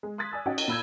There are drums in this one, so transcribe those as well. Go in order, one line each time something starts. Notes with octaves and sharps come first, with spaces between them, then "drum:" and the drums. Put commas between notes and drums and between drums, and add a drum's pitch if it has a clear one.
G#3
C6 D#6 F#6 G#6 A6 B6
D5 G#5 E6
C#4 D#4 F#4 C#5 F#5 G5
drum: cymbal
A#2 B5 E6 G6 G#6